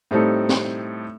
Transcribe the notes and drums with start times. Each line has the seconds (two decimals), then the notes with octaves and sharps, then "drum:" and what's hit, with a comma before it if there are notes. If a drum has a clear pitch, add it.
0.11 A2 G3 C4 D#4 A4
0.49 drum: snare